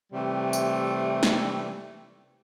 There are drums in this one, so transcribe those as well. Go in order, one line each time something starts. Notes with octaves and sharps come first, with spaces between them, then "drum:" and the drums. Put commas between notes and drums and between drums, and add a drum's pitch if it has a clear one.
C3 E3 G3 A3 C4
drum: tambourine
drum: snare